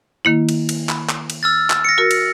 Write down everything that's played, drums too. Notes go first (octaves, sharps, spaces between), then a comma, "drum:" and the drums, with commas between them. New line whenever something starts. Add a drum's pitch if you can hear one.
D#3 A#3 E4
drum: cymbal
drum: cymbal
B5, drum: clap
drum: clap
drum: cymbal
E6 F6 A6
drum: clap
A#6 C#7
F#4 A#4
drum: cymbal